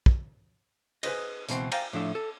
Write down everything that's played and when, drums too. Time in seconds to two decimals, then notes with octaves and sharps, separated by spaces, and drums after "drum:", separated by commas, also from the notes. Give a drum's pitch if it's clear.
0.06 drum: kick
1.03 G#4 B4 C5 D#5, drum: cymbal
1.49 C#2 B2 E3 C4, drum: hi-hat
1.72 C5 D5 F5 G5 G#5 A#5, drum: cymbal
1.93 A2 F3 D4 E5
2.15 A4